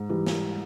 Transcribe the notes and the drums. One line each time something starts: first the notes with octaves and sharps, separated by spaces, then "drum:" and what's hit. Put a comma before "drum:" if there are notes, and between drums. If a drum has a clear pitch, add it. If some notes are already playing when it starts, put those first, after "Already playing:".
Already playing: G#2
E3 G3
drum: snare